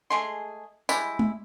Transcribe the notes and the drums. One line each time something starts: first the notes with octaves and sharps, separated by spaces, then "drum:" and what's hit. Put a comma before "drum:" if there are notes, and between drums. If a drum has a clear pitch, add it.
G#3 A3 G#4 C6
G3 G#3 E4, drum: tambourine
drum: tom G#3